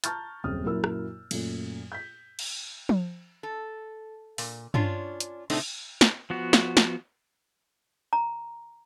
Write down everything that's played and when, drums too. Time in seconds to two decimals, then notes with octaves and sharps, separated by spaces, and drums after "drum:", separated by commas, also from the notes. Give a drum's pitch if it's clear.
0.04 A5 A#5 C#6 F6 G6 A6, drum: hi-hat
0.44 D#1 F#2 C4 G#4 D#6 F6
0.64 F#2 A#2 F#3 E4 A#4 E6
0.84 drum: rim click
1.31 F#2 A#2 A3, drum: cymbal
1.92 G6 B6
2.39 drum: cymbal
2.89 drum: tom F3
3.43 A4
4.38 A#2, drum: open hi-hat
4.74 C#4 D4 F4 C#5, drum: tom G2
5.20 drum: hi-hat
5.50 A2 C3 A3 C4 D4 D#4, drum: cymbal
6.01 drum: snare
6.30 F3 B3 F#4
6.53 drum: snare
6.77 drum: snare
8.13 A#5